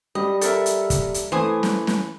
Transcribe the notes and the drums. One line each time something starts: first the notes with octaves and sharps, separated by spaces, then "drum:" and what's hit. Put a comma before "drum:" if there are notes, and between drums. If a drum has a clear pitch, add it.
G3 D#5
A4 A#4 E5, drum: hi-hat
drum: hi-hat
drum: kick, hi-hat
drum: hi-hat
E3 A3 C5 G#5 D#6
drum: snare
drum: snare